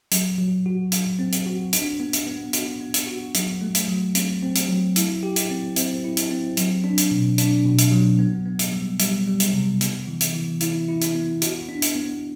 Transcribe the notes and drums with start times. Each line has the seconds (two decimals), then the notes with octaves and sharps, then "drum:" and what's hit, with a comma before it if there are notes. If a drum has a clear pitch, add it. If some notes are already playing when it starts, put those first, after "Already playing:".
0.12 F#3, drum: hi-hat
0.38 F#3
0.66 F#4
0.92 F#3, drum: hi-hat
1.19 C4
1.33 drum: hi-hat
1.46 F#4
1.73 D4, drum: hi-hat
2.00 B3
2.13 drum: hi-hat
2.27 B3
2.53 F#4, drum: hi-hat
2.81 B3
2.94 drum: hi-hat
3.07 F#4
3.35 F#3, drum: hi-hat
3.61 A3
3.75 drum: hi-hat
3.88 F#3
4.15 C4, drum: hi-hat
4.43 C4
4.56 drum: hi-hat
4.69 F#3
4.96 E4, drum: hi-hat
5.23 G4
5.36 drum: hi-hat
5.50 C4
5.76 C4, drum: hi-hat
6.04 E4
6.17 drum: hi-hat
6.31 C4
6.57 F#3, drum: hi-hat
6.84 D4
6.98 drum: hi-hat
7.11 B2
7.38 D4, drum: hi-hat
7.65 B2
7.79 drum: hi-hat
7.92 F#3
8.19 B3
8.45 B3
8.59 drum: hi-hat
8.73 G3
9.00 G3, drum: hi-hat
9.27 G3
9.40 drum: hi-hat
9.53 C3
9.81 B3, drum: hi-hat
10.07 E3
10.21 drum: hi-hat
10.34 E3
10.61 E4, drum: hi-hat
10.88 E4
11.02 drum: hi-hat
11.15 B3
11.42 F#4, drum: hi-hat
11.69 D4
11.82 drum: hi-hat
11.96 B3